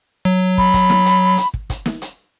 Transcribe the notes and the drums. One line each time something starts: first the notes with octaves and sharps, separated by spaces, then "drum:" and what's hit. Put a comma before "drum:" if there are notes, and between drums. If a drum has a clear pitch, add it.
F#3
B5, drum: kick
drum: kick, hi-hat
drum: snare
drum: hi-hat
drum: hi-hat
drum: kick
drum: kick, hi-hat
drum: snare
drum: hi-hat